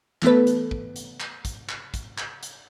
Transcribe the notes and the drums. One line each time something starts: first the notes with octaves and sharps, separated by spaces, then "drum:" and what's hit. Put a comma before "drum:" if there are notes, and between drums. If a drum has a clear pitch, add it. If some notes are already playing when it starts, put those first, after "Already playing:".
E3 A3 B3 A4 B4, drum: clap
drum: hi-hat
drum: kick
drum: hi-hat
drum: clap
drum: kick, hi-hat
drum: clap
drum: kick, hi-hat
drum: clap
drum: hi-hat